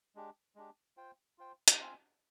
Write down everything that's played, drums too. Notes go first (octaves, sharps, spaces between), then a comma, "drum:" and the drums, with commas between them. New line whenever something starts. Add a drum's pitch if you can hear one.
G#3 D4 G4
G#3 D4 G4
F4 C5 G5
F4 C5 G5
drum: hi-hat
C4 F4 C5 F5 G#5